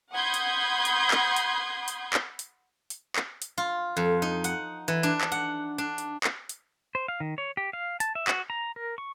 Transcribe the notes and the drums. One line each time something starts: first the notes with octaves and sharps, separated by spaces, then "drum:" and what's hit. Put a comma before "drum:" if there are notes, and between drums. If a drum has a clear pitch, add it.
F#5 B5 C6 D#6 G6 G#6
drum: hi-hat
drum: hi-hat
drum: clap
drum: hi-hat
drum: hi-hat
drum: clap
drum: hi-hat
drum: hi-hat
drum: clap
drum: hi-hat
F4
F2
D#4
F#5, drum: hi-hat
E3
D4
drum: clap
F#5
D4
drum: hi-hat
drum: clap
drum: hi-hat
C5
F5
D#3
C#5
G4
F5
A5, drum: hi-hat
E5
F#4, drum: clap
A#5
A#4
C#6